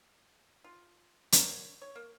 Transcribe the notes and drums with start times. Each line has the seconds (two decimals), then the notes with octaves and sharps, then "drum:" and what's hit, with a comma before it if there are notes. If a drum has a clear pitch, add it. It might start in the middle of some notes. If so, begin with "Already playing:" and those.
0.64 F4
1.32 D4 A#4 C#5, drum: hi-hat
1.82 C#5
1.95 A#3